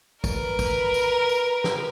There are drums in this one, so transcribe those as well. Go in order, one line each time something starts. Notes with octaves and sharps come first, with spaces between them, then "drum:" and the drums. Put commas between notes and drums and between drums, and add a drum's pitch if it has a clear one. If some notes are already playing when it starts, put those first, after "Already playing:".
A#4 B4, drum: kick, tambourine
drum: kick, tambourine
drum: tambourine
drum: tambourine
drum: snare